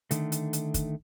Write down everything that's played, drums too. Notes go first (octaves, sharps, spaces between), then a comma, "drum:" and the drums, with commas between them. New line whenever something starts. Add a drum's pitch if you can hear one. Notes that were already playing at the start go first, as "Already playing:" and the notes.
D3 D#3 A3, drum: hi-hat
drum: hi-hat
drum: hi-hat
drum: kick, hi-hat